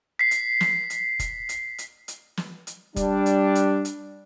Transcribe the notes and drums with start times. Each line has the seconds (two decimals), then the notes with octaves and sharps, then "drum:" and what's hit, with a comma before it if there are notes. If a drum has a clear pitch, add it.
0.19 B6 C7
0.31 drum: hi-hat
0.61 drum: snare
0.90 drum: hi-hat
1.19 drum: kick F1, hi-hat
1.49 drum: hi-hat
1.78 drum: hi-hat
2.08 drum: hi-hat
2.37 drum: snare
2.67 drum: hi-hat
2.96 G3 D4, drum: kick F1, hi-hat
3.26 drum: hi-hat
3.55 drum: hi-hat
3.85 drum: hi-hat